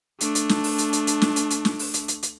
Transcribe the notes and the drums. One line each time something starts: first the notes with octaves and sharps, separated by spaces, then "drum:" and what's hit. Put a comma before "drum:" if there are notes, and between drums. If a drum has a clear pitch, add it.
A3 D4, drum: hi-hat
drum: hi-hat
drum: snare
drum: open hi-hat
drum: hi-hat
drum: hi-hat
drum: hi-hat
drum: snare
drum: hi-hat
drum: hi-hat
drum: snare
drum: open hi-hat
drum: hi-hat
drum: hi-hat
drum: hi-hat